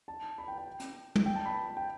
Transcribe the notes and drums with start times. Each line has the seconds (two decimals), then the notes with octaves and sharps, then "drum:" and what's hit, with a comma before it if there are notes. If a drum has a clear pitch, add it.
0.08 A5
0.38 B5
0.48 G5
0.58 G5
0.80 drum: hi-hat
1.16 drum: tom
1.26 G5
1.35 A5
1.46 B5
1.77 G5